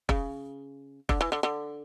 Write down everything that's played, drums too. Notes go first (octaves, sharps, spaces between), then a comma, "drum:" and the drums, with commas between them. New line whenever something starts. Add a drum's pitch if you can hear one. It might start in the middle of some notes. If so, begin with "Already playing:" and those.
C#3, drum: kick
D3, drum: kick
E3
D3
D3